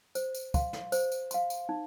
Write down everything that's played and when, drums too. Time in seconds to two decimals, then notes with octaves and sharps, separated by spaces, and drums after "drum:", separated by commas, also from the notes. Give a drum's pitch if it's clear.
0.15 C5, drum: tambourine
0.35 drum: tambourine
0.54 F5 C6, drum: kick, tambourine
0.73 drum: snare
0.92 C5, drum: tambourine
1.12 drum: tambourine
1.31 F5 C6, drum: tambourine
1.50 drum: tambourine
1.69 D#4